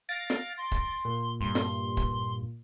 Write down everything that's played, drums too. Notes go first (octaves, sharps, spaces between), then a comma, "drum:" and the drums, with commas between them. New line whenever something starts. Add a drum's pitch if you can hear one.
F5 A6 A#6 D7
drum: snare
C6
drum: kick
A#2
G2 C6
drum: snare
drum: kick